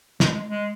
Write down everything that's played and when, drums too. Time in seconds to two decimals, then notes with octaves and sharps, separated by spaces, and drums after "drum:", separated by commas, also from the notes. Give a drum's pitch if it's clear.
0.20 G#3, drum: snare
0.35 G#3
0.48 G#3